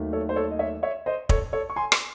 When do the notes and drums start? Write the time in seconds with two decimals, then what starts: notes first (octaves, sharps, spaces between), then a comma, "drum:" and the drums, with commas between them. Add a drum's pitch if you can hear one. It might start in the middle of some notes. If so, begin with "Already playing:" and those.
Already playing: D#2 D#3 F#3 A3
0.13 A4 C#5
0.29 C5
0.36 A4 C#5
0.51 D#5
0.59 C#5 E5
0.83 C#5 E5
1.06 C5 D#5
1.29 A4 C#5, drum: kick
1.53 A4 C#5
1.70 C#6
1.76 G#5 C6
1.92 drum: rim click